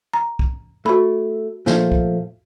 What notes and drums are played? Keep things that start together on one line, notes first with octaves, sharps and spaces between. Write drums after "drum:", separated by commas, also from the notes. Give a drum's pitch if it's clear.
A#5
drum: kick
A3 F#4 B5
A#2 F3 A3, drum: snare
drum: kick